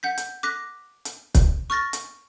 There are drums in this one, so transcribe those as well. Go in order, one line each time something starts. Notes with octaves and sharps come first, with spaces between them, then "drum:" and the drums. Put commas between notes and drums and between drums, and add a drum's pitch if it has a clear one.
F#5 G6 B6
drum: hi-hat
D6 F#6 A#6 B6
drum: hi-hat
drum: kick, hi-hat
C#6 F6 A6 A#6
drum: hi-hat